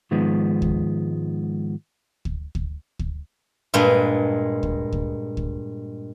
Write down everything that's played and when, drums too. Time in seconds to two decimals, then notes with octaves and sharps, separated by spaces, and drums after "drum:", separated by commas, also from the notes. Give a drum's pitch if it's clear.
0.11 G#2 D#3 F3 G#3 B3
0.62 drum: kick
2.25 drum: kick
2.55 drum: kick
2.99 drum: kick
3.74 G2 A#2 G#3
4.63 drum: kick
4.92 drum: kick
5.37 drum: kick